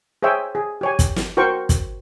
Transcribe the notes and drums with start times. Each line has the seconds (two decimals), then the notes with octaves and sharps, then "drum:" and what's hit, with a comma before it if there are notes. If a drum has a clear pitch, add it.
0.23 G#4 C5 C#5 E5 G5 G#5
0.55 G#4
0.81 G4 C#5 G#5
0.99 drum: kick, hi-hat
1.16 drum: snare
1.37 F#4 A#4 C5 G5 C#6
1.69 drum: kick, hi-hat